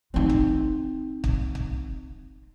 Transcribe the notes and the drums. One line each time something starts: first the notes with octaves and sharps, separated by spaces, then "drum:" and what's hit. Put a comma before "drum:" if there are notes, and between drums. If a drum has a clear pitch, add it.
C4 D#4 F4
drum: kick
drum: kick
drum: kick